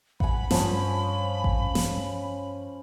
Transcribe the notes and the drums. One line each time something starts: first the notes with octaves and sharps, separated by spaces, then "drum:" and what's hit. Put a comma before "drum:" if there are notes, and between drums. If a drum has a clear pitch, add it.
F#5 G#5 B5, drum: kick A1
G2 F3 C#4, drum: snare
drum: kick A1
drum: snare